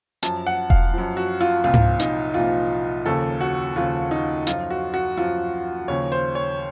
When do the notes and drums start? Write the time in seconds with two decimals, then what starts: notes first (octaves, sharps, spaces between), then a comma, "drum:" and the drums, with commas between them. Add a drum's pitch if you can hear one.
0.23 F#2 F3 A5, drum: hi-hat
0.47 F#5
0.70 F5, drum: kick E1
0.93 F#2 F3
1.17 F#4
1.41 F4
1.64 C2 A#2 F3 F4
1.74 drum: tom G#2
2.00 D#4, drum: hi-hat
2.34 C2 A#2 F3 F4
3.05 D#2 C#3 F3 A4
3.41 F#4
3.76 D#2 C#3 F3 F4
4.11 D#4
4.47 F#2 F3 F4, drum: hi-hat
4.70 F#4
4.94 F#4
5.17 F#2 F3 F4
5.88 D#2 C#3 F3 C#5
6.12 C5
6.35 C#5